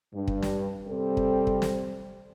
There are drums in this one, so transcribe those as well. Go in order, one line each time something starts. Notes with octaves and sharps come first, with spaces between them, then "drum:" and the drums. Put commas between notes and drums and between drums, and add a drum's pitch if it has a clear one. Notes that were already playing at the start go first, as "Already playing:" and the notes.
G2
drum: kick
drum: snare
C3 G3 C4 A4
drum: kick
drum: kick
drum: snare